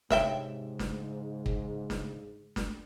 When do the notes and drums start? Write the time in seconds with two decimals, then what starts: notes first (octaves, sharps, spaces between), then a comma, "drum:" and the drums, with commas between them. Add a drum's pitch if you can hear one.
0.10 G#2 C3 C#5 E5 G5, drum: snare
0.79 C#3, drum: snare
1.46 drum: kick
1.90 drum: snare
2.56 drum: snare